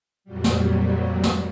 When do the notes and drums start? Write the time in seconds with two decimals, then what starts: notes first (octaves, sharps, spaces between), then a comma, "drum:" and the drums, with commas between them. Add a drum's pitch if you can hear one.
0.24 F2 A#2 F#3 G3
0.44 drum: snare
1.23 drum: snare